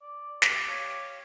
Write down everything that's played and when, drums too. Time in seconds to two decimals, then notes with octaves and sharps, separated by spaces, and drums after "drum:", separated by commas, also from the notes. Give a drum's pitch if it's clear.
0.02 D5
0.42 G4, drum: snare
0.68 C#5 F5